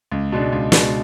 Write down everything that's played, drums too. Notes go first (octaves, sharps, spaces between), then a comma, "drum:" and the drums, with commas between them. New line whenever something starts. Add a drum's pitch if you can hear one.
C#2
B2 G#3 D4
C#2
B2 G#3 D4, drum: snare